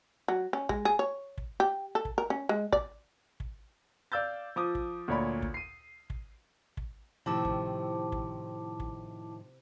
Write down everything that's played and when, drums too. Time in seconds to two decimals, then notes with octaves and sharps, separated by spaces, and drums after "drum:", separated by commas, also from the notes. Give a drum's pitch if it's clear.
0.28 F#3
0.53 C#4
0.69 G#3, drum: kick
0.85 G#4
0.99 C#5
1.38 drum: kick
1.60 G4
1.95 A4
2.05 drum: kick
2.18 A#4
2.30 C#4
2.49 G#3
2.72 D5, drum: kick
3.40 drum: kick
4.12 D5 F5 E6 G6 A6
4.56 F3 D6 D#6
4.75 drum: kick
5.08 D2 A#2 C#5 D5 B5
5.42 drum: kick
5.54 C7 D#7
6.10 drum: kick
6.77 drum: kick
7.26 A2 C3 D#3 F3 E4 A5 D6 E6
7.45 drum: kick
8.12 drum: kick
8.80 drum: kick